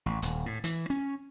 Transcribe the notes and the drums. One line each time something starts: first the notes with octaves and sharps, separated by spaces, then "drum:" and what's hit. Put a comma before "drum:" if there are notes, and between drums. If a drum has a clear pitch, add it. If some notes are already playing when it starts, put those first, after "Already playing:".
A1
D#1, drum: hi-hat
A2
E3, drum: hi-hat
C#4